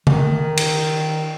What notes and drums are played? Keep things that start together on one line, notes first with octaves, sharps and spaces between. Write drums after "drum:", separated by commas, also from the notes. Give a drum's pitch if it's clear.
D#3, drum: tom C#3
drum: cymbal